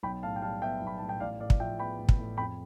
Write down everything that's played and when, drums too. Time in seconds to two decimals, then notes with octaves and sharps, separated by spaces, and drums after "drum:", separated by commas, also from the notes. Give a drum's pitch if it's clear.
0.03 B1 G5 B5
0.23 A2 F5 A5
0.36 G5
0.42 G3 F5 A5
0.61 B3 E5 G5
0.81 B1
0.87 B5
0.98 A2 A5
1.09 G5
1.20 A1 D5 F5
1.40 A2 D5 F5
1.50 drum: kick
1.60 F3 E5 G5
1.79 B3 G5 B5
1.99 A1
2.09 drum: kick
2.18 A2
2.37 F2 G5 B5